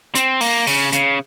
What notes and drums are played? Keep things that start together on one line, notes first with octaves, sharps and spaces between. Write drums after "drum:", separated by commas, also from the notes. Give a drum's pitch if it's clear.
C4, drum: hi-hat
A#3, drum: open hi-hat
C#3, drum: open hi-hat
C#3, drum: hi-hat